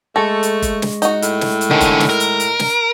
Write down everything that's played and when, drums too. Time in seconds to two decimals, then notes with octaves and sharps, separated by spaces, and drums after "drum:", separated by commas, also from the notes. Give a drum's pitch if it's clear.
0.16 G#3 A3 A4 C#6 A#6
0.43 drum: hi-hat
0.62 drum: kick, hi-hat
0.82 drum: snare
1.02 D#4 F#4, drum: hi-hat
1.22 A2, drum: hi-hat
1.41 drum: snare
1.61 drum: hi-hat
1.71 D3 D#3 C#4
1.81 drum: kick, hi-hat
2.00 drum: snare
2.09 A#4
2.20 drum: hi-hat
2.40 drum: hi-hat
2.59 drum: snare